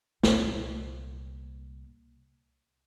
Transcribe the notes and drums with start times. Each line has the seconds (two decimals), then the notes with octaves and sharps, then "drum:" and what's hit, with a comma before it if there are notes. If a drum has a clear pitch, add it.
0.23 C2 A#2, drum: snare